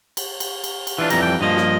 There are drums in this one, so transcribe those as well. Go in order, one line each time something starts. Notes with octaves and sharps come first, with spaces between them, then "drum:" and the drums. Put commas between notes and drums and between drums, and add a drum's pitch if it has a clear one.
drum: cymbal
drum: cymbal
drum: cymbal
drum: cymbal
E3 D4 F4
F2 E3 G3 A#5, drum: cymbal
G5
G2 F3 A#3 D#5
drum: snare